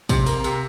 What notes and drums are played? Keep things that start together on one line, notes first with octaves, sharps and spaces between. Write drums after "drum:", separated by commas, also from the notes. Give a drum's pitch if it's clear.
C3, drum: kick, tambourine
A#3, drum: tambourine
C3, drum: tambourine